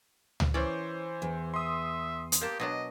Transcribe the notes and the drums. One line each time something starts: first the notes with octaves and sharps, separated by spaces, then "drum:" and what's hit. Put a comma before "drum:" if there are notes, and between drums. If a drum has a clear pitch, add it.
drum: tom C#2
E3 C#4 C5 D5
E2
E5 C6 D#6
drum: hi-hat
A#3 G4 A5
B2 F#3 D4 D#5